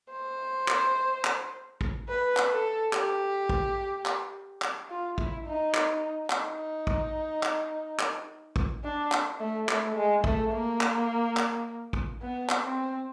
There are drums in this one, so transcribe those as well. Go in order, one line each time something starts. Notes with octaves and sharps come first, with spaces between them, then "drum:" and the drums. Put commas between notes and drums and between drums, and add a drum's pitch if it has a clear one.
C5
drum: clap
drum: clap
drum: kick
B4
drum: clap
A4
G4, drum: clap
drum: kick
drum: clap
drum: clap
F4
E4, drum: kick
D#4
drum: clap
D#4, drum: clap
drum: kick
drum: clap
drum: clap
drum: kick
D4
drum: clap
A3
A3, drum: clap
G#3
A3, drum: kick
A#3
drum: clap
drum: clap
drum: kick
B3
drum: clap
C4